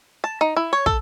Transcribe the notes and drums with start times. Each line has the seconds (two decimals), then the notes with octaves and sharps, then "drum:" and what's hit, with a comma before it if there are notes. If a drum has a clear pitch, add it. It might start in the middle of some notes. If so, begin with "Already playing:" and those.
0.24 A5
0.41 D#4
0.56 E4
0.73 C#5
0.86 A4, drum: kick